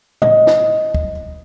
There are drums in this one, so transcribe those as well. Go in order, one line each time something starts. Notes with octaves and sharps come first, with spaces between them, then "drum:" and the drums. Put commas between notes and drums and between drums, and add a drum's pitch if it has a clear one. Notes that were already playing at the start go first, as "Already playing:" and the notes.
D#5, drum: tom A2
drum: snare
drum: kick